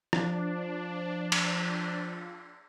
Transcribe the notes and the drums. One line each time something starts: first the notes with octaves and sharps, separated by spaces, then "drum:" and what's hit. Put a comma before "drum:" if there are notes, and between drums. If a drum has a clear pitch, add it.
F3 D4, drum: rim click
drum: cymbal